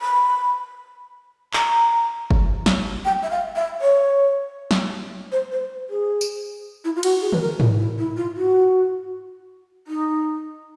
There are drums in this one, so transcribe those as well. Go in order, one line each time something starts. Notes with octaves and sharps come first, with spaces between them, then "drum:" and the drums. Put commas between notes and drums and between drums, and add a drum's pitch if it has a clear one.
B5
A#5, drum: clap
drum: kick G1
drum: snare
G5
E5
F5
E5
C#5
drum: snare
C5
C5
G#4
drum: tambourine
E4
F4
F#4, drum: cymbal
G#4
B4, drum: tom D3
A#4
E4, drum: tom G#2
E4
E4
F4
F#4
D#4